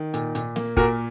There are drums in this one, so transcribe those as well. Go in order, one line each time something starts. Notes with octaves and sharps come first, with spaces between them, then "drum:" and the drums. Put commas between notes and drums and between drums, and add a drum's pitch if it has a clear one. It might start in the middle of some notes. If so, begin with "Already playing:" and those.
Already playing: D#3
A#2, drum: hi-hat
A#2, drum: hi-hat
A#3, drum: snare
A#2 F#4 A#4, drum: kick